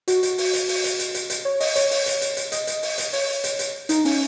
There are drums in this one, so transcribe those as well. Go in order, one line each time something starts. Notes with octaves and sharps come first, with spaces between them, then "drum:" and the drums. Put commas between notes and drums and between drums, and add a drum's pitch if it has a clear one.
F#4, drum: hi-hat
drum: hi-hat
drum: open hi-hat
drum: hi-hat
drum: open hi-hat
drum: hi-hat
drum: hi-hat
drum: hi-hat
drum: hi-hat
C#5
D#5, drum: open hi-hat
C#5, drum: hi-hat
drum: open hi-hat
drum: hi-hat
drum: hi-hat
drum: hi-hat
D#5, drum: hi-hat
drum: hi-hat
drum: open hi-hat
drum: hi-hat
C#5, drum: open hi-hat
drum: hi-hat
drum: hi-hat
D#4, drum: hi-hat
C#4, drum: open hi-hat